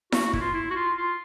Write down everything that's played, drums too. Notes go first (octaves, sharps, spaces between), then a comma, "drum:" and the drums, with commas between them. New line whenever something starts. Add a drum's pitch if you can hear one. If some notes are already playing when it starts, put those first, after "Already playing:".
F#4, drum: snare E4
F#4
E4, drum: kick
F4
E4
F#4
F4
F4